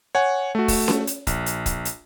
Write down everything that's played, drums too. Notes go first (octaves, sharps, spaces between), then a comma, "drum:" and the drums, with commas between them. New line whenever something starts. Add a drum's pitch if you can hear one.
C#5 F#5 G#5
A3 F#4
drum: kick, open hi-hat
drum: snare C#4
drum: hi-hat
A#1, drum: kick, hi-hat
drum: hi-hat
drum: kick, hi-hat
drum: hi-hat